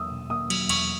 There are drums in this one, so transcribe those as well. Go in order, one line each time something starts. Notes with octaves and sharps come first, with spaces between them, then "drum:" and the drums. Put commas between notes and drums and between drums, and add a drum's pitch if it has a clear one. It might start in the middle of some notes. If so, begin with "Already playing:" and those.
Already playing: E2 F#3 A#3 D#6 E6
B2
A#3 D#6
F#3, drum: cymbal
E2 C#6, drum: cymbal